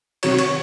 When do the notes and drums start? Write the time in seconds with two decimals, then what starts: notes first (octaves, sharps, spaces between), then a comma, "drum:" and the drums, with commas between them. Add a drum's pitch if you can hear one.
0.23 C3 D#3 F#3 C#5, drum: cymbal
0.38 drum: cymbal